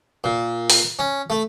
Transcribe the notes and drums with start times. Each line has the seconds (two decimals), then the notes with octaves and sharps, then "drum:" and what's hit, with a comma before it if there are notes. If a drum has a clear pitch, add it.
0.24 A#2
0.70 drum: open hi-hat
0.99 C#4
1.30 A3